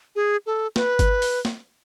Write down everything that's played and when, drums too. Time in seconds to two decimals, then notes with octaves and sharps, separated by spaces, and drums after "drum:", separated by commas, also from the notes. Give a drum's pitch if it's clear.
0.16 G#4
0.46 A4
0.76 B4, drum: snare
0.99 drum: kick G1, hi-hat
1.22 drum: open hi-hat
1.45 drum: snare